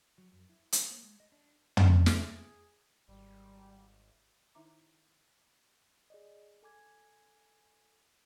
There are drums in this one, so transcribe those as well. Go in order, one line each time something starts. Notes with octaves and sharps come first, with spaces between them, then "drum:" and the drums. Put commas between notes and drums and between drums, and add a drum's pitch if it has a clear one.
F#3
F#2
E4
A3, drum: hi-hat
A#3
G#3
D#5
D4
drum: tom
G#4, drum: snare
G#1 G3
D#3 D#4 E4 E5 A#5 D6
G#4 D5 D#5
A4 G#5 D6 G#6